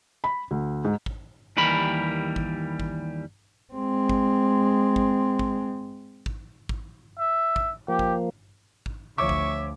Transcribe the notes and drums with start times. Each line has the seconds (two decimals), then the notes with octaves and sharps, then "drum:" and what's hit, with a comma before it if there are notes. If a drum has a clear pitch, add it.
0.24 B5
0.51 D2
0.85 G#2
1.06 drum: kick
1.57 D#2 E3 G3 A#4 B5
2.36 drum: kick
2.80 drum: kick
3.74 G#3 C4
4.09 drum: kick
4.96 drum: kick
5.39 drum: kick
6.26 drum: kick
6.69 drum: kick
7.19 E5
7.56 drum: kick
7.88 F3 A#3 G4
7.99 drum: kick
8.86 drum: kick
9.18 D2 F3 C#5 E5 C#6 D6
9.29 drum: kick